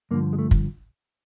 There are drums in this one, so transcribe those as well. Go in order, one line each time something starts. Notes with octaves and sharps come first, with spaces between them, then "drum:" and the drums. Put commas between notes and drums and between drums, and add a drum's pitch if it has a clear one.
G2 D3 F3 A#3
G#3
A3
drum: kick